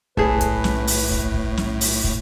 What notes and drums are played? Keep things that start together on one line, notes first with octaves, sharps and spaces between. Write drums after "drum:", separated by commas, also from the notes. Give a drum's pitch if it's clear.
B1 A2 G#4 A4 B4, drum: kick
drum: kick, hi-hat
drum: snare
drum: open hi-hat
drum: kick
drum: kick
drum: snare
drum: open hi-hat
drum: kick